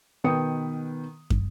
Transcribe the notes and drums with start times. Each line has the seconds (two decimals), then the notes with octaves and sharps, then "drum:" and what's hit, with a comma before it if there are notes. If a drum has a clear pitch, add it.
0.24 B2 D#3 B4 G5 D#6 C#7
1.30 drum: kick